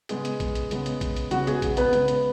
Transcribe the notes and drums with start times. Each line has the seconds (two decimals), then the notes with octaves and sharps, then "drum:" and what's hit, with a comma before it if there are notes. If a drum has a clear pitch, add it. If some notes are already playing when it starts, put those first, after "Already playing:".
0.09 C#3 G#3 B3 G#4, drum: hi-hat
0.25 drum: hi-hat
0.40 drum: kick A#1, hi-hat
0.55 drum: hi-hat
0.71 C#3 G#3 B3, drum: hi-hat
0.86 drum: hi-hat
1.01 drum: kick A#1, hi-hat
1.16 drum: hi-hat
1.31 C#3 G#3 B3 F#4, drum: hi-hat
1.47 G#4, drum: hi-hat
1.62 drum: kick A#1, hi-hat
1.77 B3 B4, drum: hi-hat
1.93 C#3 G#3 B3, drum: hi-hat
2.08 drum: hi-hat